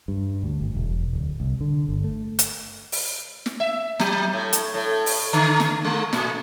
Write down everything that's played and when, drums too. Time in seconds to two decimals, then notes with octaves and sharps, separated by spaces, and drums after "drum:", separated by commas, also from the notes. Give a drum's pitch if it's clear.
0.08 G2
0.43 D2
0.60 G#1
0.75 E1
1.13 D1
1.40 C2
1.61 D3
1.88 G1
2.04 A3
2.39 drum: hi-hat
2.92 drum: open hi-hat
3.46 drum: snare
3.60 E5
4.00 F#3, drum: snare
4.33 A2
4.53 drum: hi-hat
4.74 A2
5.06 drum: open hi-hat
5.33 D3
5.60 drum: snare
5.84 G#3
6.13 A#2, drum: snare